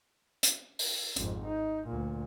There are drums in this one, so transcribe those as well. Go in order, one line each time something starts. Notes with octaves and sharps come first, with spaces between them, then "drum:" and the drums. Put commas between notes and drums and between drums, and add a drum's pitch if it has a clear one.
drum: hi-hat
drum: open hi-hat
G#1 F2, drum: hi-hat
D#4
D2 A#2